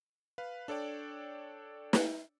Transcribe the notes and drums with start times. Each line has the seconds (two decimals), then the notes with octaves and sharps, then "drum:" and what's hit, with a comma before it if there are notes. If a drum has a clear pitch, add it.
0.38 B4 F5
0.68 D4 A4 C#5 D5 G5
1.93 drum: snare